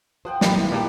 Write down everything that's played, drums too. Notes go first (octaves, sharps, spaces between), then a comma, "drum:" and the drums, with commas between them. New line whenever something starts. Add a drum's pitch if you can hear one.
F3 C5 F#5 G5
A#1 A2 F#3 A#3 G4 B5 D6, drum: snare
D#3 B3 E4
A#2 A#3 D4 G4 F#5